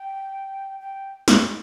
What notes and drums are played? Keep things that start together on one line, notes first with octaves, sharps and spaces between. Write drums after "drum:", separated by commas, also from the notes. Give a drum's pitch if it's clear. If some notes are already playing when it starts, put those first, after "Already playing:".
Already playing: G5
G5
drum: snare